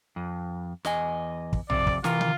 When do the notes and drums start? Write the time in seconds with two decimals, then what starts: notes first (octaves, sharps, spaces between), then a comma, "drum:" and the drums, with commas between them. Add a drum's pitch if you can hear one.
0.16 F2
0.85 E2 D#5 G#5, drum: snare
1.53 drum: kick
1.70 F2 C3 D5, drum: tom A#1
1.87 drum: kick
2.04 C3 E3 F4 A#4, drum: snare
2.21 drum: tom